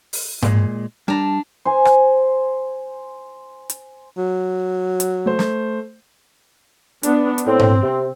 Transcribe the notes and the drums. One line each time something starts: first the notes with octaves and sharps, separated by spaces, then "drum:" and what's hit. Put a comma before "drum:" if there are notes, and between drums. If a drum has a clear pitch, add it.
drum: open hi-hat
A#2 G#3, drum: tom G#2
G3 D4 A5 A#5
C5 G#5
drum: rim click
drum: hi-hat
F#3
drum: hi-hat
A3 C5
drum: snare
B3 D4, drum: hi-hat
drum: hi-hat
A2 C4
drum: tom G#2
C3